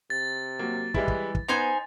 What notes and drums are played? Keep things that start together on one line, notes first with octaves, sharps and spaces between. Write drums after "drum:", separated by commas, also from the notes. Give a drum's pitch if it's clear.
C3 A6
F#3 A#3
E3 G3 G#3 E4, drum: kick
drum: kick
drum: kick
B3 D#4 C5 G#5 F7